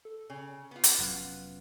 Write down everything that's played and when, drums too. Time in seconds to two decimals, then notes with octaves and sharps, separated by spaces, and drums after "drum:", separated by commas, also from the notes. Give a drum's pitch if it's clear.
0.05 A4
0.30 C#3
0.71 B3 F4
0.84 drum: hi-hat
0.99 F1 F#3 C#4 F#6